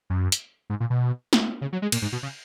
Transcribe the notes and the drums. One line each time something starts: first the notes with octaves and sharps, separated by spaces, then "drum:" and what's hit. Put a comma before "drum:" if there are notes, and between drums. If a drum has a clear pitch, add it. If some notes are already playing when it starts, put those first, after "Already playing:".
F#2
drum: hi-hat
G#2
A#2
B2
drum: snare
C#3
F#3
G#3
A#2, drum: cymbal
G#2
B2
C#3